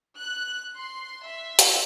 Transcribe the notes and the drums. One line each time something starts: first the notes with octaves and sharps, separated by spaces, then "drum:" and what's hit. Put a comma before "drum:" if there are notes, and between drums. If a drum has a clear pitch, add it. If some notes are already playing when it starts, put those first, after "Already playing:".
F#6
C6
E5
drum: hi-hat